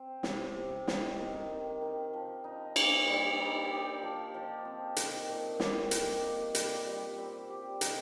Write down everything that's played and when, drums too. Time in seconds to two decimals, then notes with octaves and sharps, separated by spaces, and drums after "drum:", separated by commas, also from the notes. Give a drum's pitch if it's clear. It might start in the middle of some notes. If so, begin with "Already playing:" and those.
Already playing: C4
0.23 C3, drum: snare
0.56 C3
0.88 D#4, drum: snare
1.19 D#3
1.50 D#3
1.82 D#3
2.13 F3
2.44 D#4
2.76 A#3, drum: cymbal
3.07 G3
3.40 D#4
3.70 G4
4.03 F3
4.34 F3
4.65 C4
4.96 D#3, drum: hi-hat
5.28 A#2
5.60 G4, drum: snare
5.91 D#3, drum: hi-hat
6.23 A#3
6.55 G3, drum: hi-hat
6.86 G3
7.18 C4
7.49 G4
7.81 D#4, drum: hi-hat